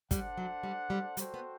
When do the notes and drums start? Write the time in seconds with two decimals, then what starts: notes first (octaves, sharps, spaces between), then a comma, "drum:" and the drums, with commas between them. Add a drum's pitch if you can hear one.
0.11 G3 D4 A4 C5 F#5, drum: kick, hi-hat
0.37 F#3
0.63 G3
0.90 G3
1.17 G3 F#4 A4 C5 G5, drum: hi-hat
1.34 B3